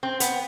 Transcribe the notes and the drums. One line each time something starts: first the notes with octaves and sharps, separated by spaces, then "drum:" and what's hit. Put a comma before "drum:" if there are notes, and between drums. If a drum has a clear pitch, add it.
C4
B3, drum: hi-hat